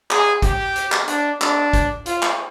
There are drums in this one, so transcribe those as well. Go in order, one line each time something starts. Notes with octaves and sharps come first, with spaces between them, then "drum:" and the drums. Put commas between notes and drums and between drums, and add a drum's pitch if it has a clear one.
G#4, drum: clap
G4, drum: kick, hi-hat
drum: hi-hat
drum: clap
D4, drum: hi-hat
D4, drum: clap
drum: kick, hi-hat
F4, drum: hi-hat
drum: clap